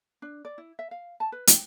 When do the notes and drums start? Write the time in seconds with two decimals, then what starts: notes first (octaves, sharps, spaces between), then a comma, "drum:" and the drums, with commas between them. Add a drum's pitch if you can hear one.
0.22 D4
0.45 D5
0.58 E4
0.79 E5
0.91 F5
1.20 A5
1.32 B4
1.47 G5, drum: hi-hat